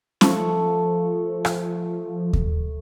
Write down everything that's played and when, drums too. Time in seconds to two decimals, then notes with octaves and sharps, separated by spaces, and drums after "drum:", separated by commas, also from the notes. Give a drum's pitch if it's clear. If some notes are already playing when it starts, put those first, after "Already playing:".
0.21 F3 A3 A4 C#6, drum: snare
1.45 drum: rim click
2.33 drum: kick D#2